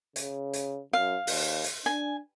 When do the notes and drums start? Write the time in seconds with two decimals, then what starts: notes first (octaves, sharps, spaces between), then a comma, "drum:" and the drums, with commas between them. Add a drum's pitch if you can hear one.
0.16 C#3, drum: hi-hat
0.53 drum: hi-hat
0.93 F#2 F5
1.27 D#2, drum: open hi-hat
1.64 drum: hi-hat
1.86 D4 G#5